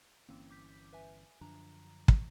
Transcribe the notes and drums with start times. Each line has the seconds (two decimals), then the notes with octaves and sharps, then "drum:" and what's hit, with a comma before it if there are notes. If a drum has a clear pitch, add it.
0.29 G1 E3 A#3 C4 C#4
0.51 D6 G6 B6
0.93 B4 E5 G#5
1.41 F#2 D3 F3 D4 A#5
2.08 drum: kick